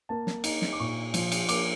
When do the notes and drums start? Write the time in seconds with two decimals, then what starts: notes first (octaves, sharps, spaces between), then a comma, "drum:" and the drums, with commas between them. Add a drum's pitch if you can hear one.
0.09 A#3 A5
0.27 drum: snare
0.44 D#4, drum: cymbal
0.62 drum: snare
0.73 D6
0.80 A#2 C#6
1.14 F3, drum: cymbal
1.32 drum: cymbal
1.49 A#3 D6, drum: cymbal